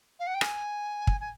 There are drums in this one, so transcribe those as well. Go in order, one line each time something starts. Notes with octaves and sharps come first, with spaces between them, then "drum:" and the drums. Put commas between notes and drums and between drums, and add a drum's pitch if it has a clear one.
F5
F#5
G5
G#5, drum: rim click
drum: kick
G#5